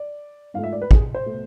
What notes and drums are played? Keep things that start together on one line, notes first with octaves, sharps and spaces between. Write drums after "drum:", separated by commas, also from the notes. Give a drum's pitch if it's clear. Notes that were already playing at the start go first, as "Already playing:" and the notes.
Already playing: D5
G#2 F3 A3 F5
E5
D5
B4
G#4, drum: kick
C5
B2 A3